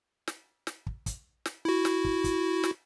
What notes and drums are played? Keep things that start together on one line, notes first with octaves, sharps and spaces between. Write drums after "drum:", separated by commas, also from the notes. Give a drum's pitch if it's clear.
drum: snare
drum: snare
drum: kick
drum: kick, hi-hat
drum: snare
E4 F#4
drum: snare
drum: kick
drum: kick, hi-hat
drum: snare